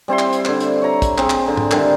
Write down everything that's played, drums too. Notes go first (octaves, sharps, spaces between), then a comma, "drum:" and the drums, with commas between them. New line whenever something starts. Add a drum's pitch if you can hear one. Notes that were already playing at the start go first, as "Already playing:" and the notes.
G3 C4 E4 C6
drum: clap
drum: hi-hat
D3 C5, drum: clap
drum: hi-hat
C#5 A#5
drum: kick, hi-hat
C4 G#4, drum: clap
drum: clap
D3
drum: tom G#2
D3 D#3 G3 E4, drum: clap